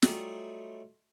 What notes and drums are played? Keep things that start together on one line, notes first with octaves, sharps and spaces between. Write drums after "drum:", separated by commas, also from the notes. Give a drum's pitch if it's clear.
F#3 G3 A3 D#4 F4 G#4, drum: snare